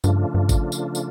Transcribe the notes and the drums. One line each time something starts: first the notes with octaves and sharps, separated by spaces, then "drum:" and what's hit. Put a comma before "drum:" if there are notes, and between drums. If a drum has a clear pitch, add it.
G2 C#3 F3 A3 D4 F4, drum: tambourine
G2
drum: kick G#1, tambourine
drum: tambourine
drum: tambourine